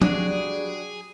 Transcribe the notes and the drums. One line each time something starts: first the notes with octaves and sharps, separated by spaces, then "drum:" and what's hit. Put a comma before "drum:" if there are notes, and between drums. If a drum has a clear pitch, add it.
F#3 G3 D4 G#4 D5, drum: tom